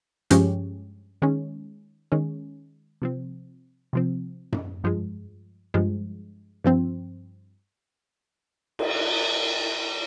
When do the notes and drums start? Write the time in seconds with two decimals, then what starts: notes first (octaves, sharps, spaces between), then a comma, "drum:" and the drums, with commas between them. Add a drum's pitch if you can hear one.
0.30 G2 F3 G#3 C#4 G4, drum: hi-hat
1.22 D#3 G#3 C#4
2.12 D#3 G#3 C#4
3.02 C3 F3 C4
3.93 C3 F3 C4
4.52 drum: tom F#2
4.84 G2 F3 G#3
5.74 G2 F3 G#3
6.64 G2 F3 C4
8.79 drum: cymbal